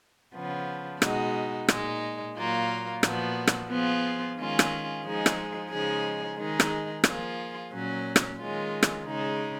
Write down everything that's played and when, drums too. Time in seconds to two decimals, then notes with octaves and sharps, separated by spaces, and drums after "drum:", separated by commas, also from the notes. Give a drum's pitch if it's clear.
0.35 C#3 F3 B3
1.02 B2 G#3 D#4 F#4, drum: rim click
1.68 A#2 G#3 D#4, drum: rim click
2.36 A#2 F#3 A#3 F4
3.03 A#2 F3 B3 F#4, drum: rim click
3.47 drum: rim click
3.70 F3 B3 F4 G#4
4.37 D#3 G#3 C#4 F4 G#4
4.59 drum: rim click
5.04 F3 G#3 D#4 G#4
5.26 drum: rim click
5.71 C#3 F3 G#3 D#4 G#4
6.37 D#3 G#3 D#4 G#4
6.60 drum: rim click
7.04 F3 A#3 F4 G#4, drum: rim click
7.72 A#2 F#3 C#4
8.16 drum: rim click
8.38 D#3 G#3 C#4 F4
8.83 drum: rim click
9.05 C#3 G#3 D#4 G#4